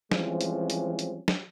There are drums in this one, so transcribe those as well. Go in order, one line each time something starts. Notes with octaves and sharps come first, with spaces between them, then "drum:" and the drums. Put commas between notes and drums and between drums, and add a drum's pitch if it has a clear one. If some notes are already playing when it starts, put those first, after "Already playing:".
E3 F3 G3 G#3 C4 C#4, drum: snare
drum: hi-hat
drum: hi-hat
drum: hi-hat
drum: snare